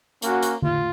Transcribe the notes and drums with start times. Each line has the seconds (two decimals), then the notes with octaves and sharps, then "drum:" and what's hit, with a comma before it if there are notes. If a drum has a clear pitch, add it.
0.22 A#3 C#4 F#4, drum: hi-hat
0.43 drum: hi-hat
0.62 F4, drum: tom D3